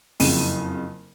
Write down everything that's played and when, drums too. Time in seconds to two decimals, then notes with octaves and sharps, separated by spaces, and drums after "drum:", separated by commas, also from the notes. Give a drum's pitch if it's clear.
0.20 F#1 F2 C#3 D#7, drum: open hi-hat